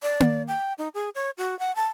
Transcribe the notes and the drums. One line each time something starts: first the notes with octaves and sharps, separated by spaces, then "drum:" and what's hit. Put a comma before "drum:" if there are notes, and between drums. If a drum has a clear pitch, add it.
D5
drum: tom A#3
G5
D#4
G#4
C#5
F#4
F#5
A5